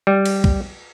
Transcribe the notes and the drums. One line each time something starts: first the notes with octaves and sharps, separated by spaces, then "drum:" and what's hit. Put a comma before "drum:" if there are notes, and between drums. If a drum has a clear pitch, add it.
G3
drum: cymbal
drum: kick